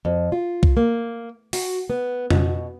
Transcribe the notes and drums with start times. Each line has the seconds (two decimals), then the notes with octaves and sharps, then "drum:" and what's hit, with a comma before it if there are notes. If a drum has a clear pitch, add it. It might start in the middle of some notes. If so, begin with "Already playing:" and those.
0.05 F2
0.32 F4
0.63 drum: kick C2
0.77 A#3
1.53 F#4, drum: open hi-hat
1.90 B3
2.30 B2, drum: tom F2